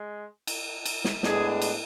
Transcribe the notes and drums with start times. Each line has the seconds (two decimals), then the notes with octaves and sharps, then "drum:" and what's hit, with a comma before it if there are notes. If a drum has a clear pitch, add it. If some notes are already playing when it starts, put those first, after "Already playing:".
Already playing: G#3
0.47 drum: cymbal
0.85 drum: cymbal
1.04 drum: snare
1.23 A2 G#3 B3 D4 G#4, drum: snare
1.62 drum: cymbal